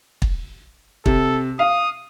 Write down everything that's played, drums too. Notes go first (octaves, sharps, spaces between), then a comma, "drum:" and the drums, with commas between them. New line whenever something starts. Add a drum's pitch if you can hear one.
drum: kick
C3 A4, drum: kick
F5 D#6